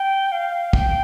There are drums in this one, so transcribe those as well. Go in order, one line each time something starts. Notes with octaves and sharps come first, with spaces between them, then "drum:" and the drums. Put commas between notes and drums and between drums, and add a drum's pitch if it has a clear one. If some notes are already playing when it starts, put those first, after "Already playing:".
Already playing: G5
F5
G5, drum: kick